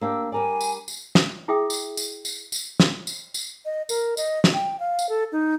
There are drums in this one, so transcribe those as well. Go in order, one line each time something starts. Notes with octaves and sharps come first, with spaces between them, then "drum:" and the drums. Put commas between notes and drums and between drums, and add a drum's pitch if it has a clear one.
A#3 D4 G4 E6
G3 A#4 D5 G#5
drum: tambourine
drum: tambourine
drum: snare
E4 G#4 E5 G5 D#6
drum: tambourine
drum: tambourine
drum: tambourine
drum: tambourine
drum: snare
drum: tambourine
drum: tambourine
D#5
A#4, drum: tambourine
D#5, drum: tambourine
drum: snare
G5
F5
drum: tambourine
A4
D#4